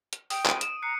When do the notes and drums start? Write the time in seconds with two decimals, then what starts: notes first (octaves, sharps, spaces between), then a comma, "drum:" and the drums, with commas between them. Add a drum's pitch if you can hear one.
0.13 drum: hi-hat
0.30 G5 D#6 D7, drum: open hi-hat
0.46 D#7, drum: clap
0.61 E7, drum: hi-hat
0.82 A#5 F#6 C7 C#7